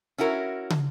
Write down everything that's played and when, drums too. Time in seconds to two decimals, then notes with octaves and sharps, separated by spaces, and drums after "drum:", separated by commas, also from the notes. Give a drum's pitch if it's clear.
0.18 C#4 E4 F#4 A#4
0.70 drum: tom